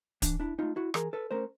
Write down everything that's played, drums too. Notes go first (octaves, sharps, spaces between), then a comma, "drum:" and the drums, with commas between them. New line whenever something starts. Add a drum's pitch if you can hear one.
E3 D4, drum: kick, hi-hat
D4 E4
A3 C#4 D#4 F4
E4 F#4
E3 G#4 A#4, drum: rim click
A4 B4
A3 C#4 A#4 C5